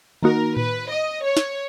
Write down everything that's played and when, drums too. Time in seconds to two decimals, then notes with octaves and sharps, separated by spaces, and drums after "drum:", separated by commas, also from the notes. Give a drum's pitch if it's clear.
0.23 D#3 A#3 D#4 F#4 A#4
0.57 B4, drum: tom A2
0.90 D#5
1.23 C#5
1.37 drum: snare